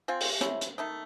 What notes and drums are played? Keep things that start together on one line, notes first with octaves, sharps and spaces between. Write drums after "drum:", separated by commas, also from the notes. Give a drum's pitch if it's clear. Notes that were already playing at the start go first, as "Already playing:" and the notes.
C4 F4 G#5
drum: open hi-hat
C3 C#4 E4 C#5, drum: hi-hat
drum: hi-hat
D#3 A3 D#5